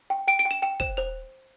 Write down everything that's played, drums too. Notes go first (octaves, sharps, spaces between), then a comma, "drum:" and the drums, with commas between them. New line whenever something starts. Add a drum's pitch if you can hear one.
G5
G5 D7
D7
G5
E7
G5 E7
C5 E7, drum: kick
C5 F7